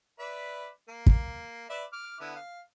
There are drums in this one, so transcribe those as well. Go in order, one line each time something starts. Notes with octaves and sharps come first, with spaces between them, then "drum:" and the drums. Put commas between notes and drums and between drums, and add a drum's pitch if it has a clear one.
B4 D5 E5
A#3
drum: kick
B4 D5 E5
D6 F6
D3 B3 E4
F5